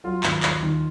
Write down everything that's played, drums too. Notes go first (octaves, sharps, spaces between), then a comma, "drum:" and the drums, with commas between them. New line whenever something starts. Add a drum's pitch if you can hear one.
F#3 F4
D#2, drum: clap
D#2, drum: clap
D#3